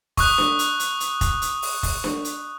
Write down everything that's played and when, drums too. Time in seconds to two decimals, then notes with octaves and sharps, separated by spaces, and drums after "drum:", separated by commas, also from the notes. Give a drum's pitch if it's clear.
0.17 C#6 D#6 F#6, drum: kick F1, open hi-hat
0.38 drum: snare D4
0.59 drum: hi-hat
0.80 drum: hi-hat
1.00 drum: hi-hat
1.21 drum: kick F1, hi-hat
1.42 drum: hi-hat
1.62 drum: open hi-hat
1.83 drum: kick F1, open hi-hat
2.04 drum: snare D4
2.25 drum: hi-hat